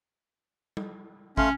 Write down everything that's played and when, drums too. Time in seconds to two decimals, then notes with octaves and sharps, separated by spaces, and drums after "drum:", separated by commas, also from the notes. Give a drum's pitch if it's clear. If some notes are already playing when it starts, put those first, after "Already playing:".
0.77 drum: tom G3
1.37 A3 C#4 F5 C6, drum: kick